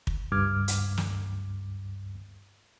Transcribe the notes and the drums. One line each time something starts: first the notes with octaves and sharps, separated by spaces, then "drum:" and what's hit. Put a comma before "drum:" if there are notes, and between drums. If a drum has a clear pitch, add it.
drum: kick
C#2 G2 D6 F6 G#6
drum: hi-hat
drum: snare